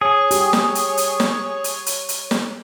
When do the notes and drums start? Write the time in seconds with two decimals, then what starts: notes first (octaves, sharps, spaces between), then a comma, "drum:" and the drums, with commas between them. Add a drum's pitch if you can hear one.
0.01 G#4 C#5
0.31 G4, drum: hi-hat
0.53 drum: snare
0.75 drum: hi-hat
0.97 drum: hi-hat
1.20 drum: snare
1.64 drum: hi-hat
1.86 drum: hi-hat
2.09 drum: hi-hat
2.31 drum: snare